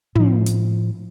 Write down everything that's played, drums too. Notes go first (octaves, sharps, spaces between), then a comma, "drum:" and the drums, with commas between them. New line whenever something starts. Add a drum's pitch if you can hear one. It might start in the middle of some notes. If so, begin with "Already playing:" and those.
A2 F3, drum: tom
drum: hi-hat